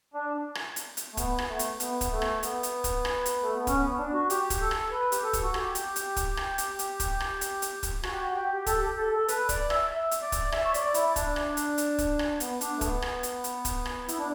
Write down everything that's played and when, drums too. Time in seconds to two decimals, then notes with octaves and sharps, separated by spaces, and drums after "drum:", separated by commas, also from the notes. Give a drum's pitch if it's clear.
0.14 D4
0.55 drum: rim click
0.76 drum: hi-hat
0.97 drum: hi-hat
1.13 A3
1.17 B3, drum: kick, hi-hat
1.38 drum: rim click
1.49 A3
1.59 drum: hi-hat
1.80 B3, drum: hi-hat
2.01 drum: kick, hi-hat
2.12 A3
2.22 drum: rim click
2.43 B3, drum: hi-hat
2.63 drum: hi-hat
2.84 drum: kick, hi-hat
3.05 drum: rim click
3.26 drum: hi-hat
3.42 A3
3.54 B3
3.67 C#4, drum: kick, hi-hat
3.83 B3
3.98 D4
4.14 F#4
4.30 G4, drum: hi-hat
4.50 drum: kick, hi-hat
4.61 A4
4.71 drum: rim click
4.91 B4
5.12 G4, drum: hi-hat
5.23 A4
5.33 drum: kick, hi-hat
5.43 F#4
5.54 G4, drum: rim click
5.75 drum: hi-hat
5.96 drum: hi-hat
6.16 drum: kick, hi-hat
6.37 drum: rim click
6.58 drum: hi-hat
6.79 drum: hi-hat
7.00 drum: kick, hi-hat
7.20 drum: rim click
7.41 drum: hi-hat
7.62 drum: hi-hat
7.83 drum: kick, hi-hat
8.03 F#4, drum: rim click
8.12 G4
8.20 F#4
8.34 G4
8.54 G4
8.66 A4, drum: kick, hi-hat
8.81 G4
8.98 A4
9.13 A4
9.28 B4, drum: hi-hat
9.49 D5, drum: kick, hi-hat
9.70 E5, drum: rim click
9.90 E5
10.11 drum: hi-hat
10.22 D5
10.32 drum: kick, hi-hat
10.52 E5, drum: rim click
10.65 C#5
10.74 D5, drum: hi-hat
10.94 E4, drum: hi-hat
11.16 D4, drum: kick, hi-hat
11.36 drum: rim click
11.57 drum: hi-hat
11.78 drum: hi-hat
11.98 drum: kick, hi-hat
12.19 drum: rim click
12.40 B3, drum: hi-hat
12.61 D4, drum: hi-hat
12.77 A3
12.81 B3, drum: kick, hi-hat
13.02 drum: rim click
13.23 drum: hi-hat
13.44 drum: hi-hat
13.65 drum: kick, hi-hat
13.85 drum: rim click
14.08 E4, drum: hi-hat
14.18 D4